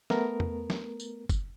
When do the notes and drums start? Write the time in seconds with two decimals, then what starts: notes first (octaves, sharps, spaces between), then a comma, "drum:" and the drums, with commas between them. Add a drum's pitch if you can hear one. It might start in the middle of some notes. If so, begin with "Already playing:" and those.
0.10 A3 B3 A#4, drum: snare
0.40 drum: tom
0.70 drum: snare
1.00 drum: tambourine
1.29 drum: kick, tambourine